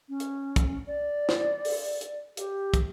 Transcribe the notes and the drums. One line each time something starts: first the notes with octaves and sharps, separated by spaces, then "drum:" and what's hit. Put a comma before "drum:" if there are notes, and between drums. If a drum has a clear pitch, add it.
C#4
drum: hi-hat
drum: kick, hi-hat
D5
drum: snare
drum: open hi-hat
drum: hi-hat
G4, drum: hi-hat
drum: kick, hi-hat